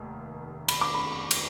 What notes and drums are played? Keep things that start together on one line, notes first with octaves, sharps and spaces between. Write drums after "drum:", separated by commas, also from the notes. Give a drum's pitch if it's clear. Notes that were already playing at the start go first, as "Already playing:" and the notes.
Already playing: F1 D#2
B5, drum: cymbal
D6
B5
drum: cymbal